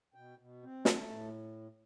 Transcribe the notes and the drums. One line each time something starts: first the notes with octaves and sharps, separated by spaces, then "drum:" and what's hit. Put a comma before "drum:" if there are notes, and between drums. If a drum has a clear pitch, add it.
B2 G5
B2
C4
A3 A5, drum: snare
A2